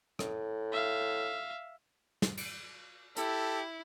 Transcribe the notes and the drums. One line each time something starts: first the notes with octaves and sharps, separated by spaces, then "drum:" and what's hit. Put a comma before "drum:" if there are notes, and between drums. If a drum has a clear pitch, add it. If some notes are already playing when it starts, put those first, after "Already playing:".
A2, drum: rim click
E5 F5
drum: snare
drum: cymbal
E4 G4 A4, drum: hi-hat